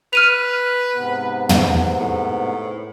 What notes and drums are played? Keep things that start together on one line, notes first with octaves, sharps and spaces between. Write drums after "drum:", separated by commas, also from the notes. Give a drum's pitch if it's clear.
B4 F6 D#7 F7
G#2 C3 B3
drum: tom
A2